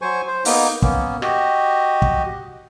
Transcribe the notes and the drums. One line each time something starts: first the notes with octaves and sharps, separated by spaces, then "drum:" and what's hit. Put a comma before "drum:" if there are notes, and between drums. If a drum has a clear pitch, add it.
F#3 C5 G#5 C#6
C5
A#3 B3 D#4, drum: open hi-hat
A#3 B3 C#4, drum: kick
F#4 G4 D#5, drum: rim click
drum: kick